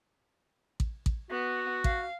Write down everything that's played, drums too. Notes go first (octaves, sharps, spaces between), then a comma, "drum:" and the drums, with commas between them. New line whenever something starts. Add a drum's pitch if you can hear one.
drum: kick A1
drum: kick A1
B3 F#4
F5, drum: kick A1